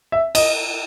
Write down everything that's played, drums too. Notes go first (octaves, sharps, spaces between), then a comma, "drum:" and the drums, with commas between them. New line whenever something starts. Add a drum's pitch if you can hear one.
E5
D#5, drum: cymbal